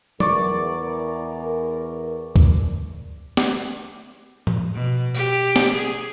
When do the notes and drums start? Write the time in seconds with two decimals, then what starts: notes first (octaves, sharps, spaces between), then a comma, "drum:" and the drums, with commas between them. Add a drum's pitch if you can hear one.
0.20 E2 A#4 D5 C#6, drum: tom F#3
2.36 drum: kick D2
3.37 drum: snare
4.47 drum: tom A2
4.75 B2
5.15 G4, drum: tambourine
5.56 drum: snare
5.73 G#4